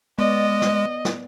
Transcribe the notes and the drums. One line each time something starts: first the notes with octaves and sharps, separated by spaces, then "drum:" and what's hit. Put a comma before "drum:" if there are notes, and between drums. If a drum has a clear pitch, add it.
G#3 B3 D5 D#5
drum: snare
drum: snare